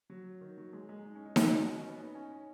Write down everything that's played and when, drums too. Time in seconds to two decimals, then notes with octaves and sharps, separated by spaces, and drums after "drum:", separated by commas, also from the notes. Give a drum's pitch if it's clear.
0.10 F#3
0.41 D#3
0.58 F#3
0.73 G#3
0.89 G#3
1.04 D#4
1.15 C#4
1.26 D#4
1.36 F#4, drum: snare D#4
1.46 D#4
1.58 C#4
1.68 D#4
1.78 C#4
1.89 B3
1.99 D#4
2.15 C#4
2.31 C#4